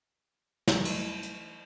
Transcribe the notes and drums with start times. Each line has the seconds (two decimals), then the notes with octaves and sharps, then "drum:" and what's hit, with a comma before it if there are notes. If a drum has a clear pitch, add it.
0.68 E3 F#3 G3 A3 D#4 E4, drum: snare
0.85 drum: cymbal
1.23 drum: hi-hat